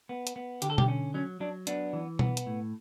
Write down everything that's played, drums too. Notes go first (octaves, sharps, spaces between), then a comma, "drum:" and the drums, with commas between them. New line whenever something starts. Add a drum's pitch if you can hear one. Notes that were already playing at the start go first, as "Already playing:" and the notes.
B3
drum: hi-hat
B3
D3 G4, drum: hi-hat
A4
G4, drum: tom B2
C#4
F#3 C#4
F#3 D4
B3 D4, drum: hi-hat
E3
B3, drum: tom B2
drum: hi-hat
A2